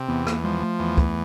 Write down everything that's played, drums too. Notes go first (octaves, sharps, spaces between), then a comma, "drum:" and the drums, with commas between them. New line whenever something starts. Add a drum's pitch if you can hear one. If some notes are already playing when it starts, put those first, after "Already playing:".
Already playing: C3
E2 B3
A#3, drum: rim click
F3 G#3
A3
E2
drum: kick